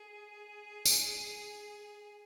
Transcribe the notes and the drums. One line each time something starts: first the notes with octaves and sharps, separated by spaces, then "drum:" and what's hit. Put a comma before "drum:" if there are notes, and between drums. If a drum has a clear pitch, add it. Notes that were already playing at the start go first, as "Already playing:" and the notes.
Already playing: G#4
drum: tambourine